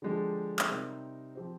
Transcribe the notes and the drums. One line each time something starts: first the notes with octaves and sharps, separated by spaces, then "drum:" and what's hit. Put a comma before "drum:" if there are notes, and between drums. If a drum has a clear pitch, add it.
D3 F3 G#3 D4 G4
drum: clap
C3 G3 C4 D#4 A#4
F3 C4 G4 C5